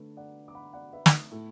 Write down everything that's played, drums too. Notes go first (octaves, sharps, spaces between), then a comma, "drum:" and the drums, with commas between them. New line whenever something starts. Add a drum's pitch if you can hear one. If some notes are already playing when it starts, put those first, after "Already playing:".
Already playing: D3 A3 D4 B4
D5 F#5
D6
F#5 B5
D5 F#5
B4 E5
drum: snare
A2 A3 E4